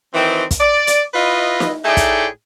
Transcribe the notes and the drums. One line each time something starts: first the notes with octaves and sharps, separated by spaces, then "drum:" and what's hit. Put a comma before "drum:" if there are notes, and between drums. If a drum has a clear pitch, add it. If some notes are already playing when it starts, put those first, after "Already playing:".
D#3 E3 F#3 C4
drum: kick, hi-hat
D5
drum: hi-hat
E4 F4 B4 D#5
drum: snare
A2 A3 D#4 G#4 D5 G5
drum: kick, hi-hat